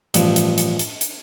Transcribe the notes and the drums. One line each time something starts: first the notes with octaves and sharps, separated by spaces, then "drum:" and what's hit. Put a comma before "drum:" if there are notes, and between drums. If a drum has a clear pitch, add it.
A1 G2 F3, drum: hi-hat
drum: hi-hat
drum: hi-hat
drum: hi-hat
drum: hi-hat